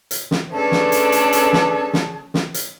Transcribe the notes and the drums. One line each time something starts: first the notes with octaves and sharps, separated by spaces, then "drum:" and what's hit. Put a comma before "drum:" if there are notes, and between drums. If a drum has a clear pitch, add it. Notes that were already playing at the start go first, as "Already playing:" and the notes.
drum: hi-hat
drum: snare
A3 C#4 D4 G#4 A4 B4 D5 A5
drum: snare
drum: hi-hat
drum: hi-hat
drum: hi-hat
drum: snare
drum: snare
drum: snare
drum: hi-hat